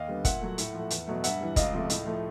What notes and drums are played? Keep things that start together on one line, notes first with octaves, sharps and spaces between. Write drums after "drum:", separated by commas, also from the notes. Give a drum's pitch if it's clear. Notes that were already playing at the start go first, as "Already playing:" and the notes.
Already playing: D#2 D#5 F5
D3 G3 B3
A#2 E5 F#5, drum: kick, hi-hat
F#3 A3
A2, drum: hi-hat
F3 A3
E2, drum: hi-hat
B2 F#3 A3
G2 E5 F#5, drum: hi-hat
E3 G3
C#2 D#5 F5, drum: kick, hi-hat
C3 F3 A3
A2, drum: hi-hat
F3 A3